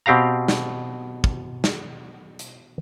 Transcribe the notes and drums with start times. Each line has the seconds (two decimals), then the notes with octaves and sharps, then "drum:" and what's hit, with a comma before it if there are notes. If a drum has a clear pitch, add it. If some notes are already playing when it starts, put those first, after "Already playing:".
0.06 B2 C4 G4 F5 A#5
0.48 drum: snare
1.24 drum: kick
1.64 drum: snare
2.39 drum: hi-hat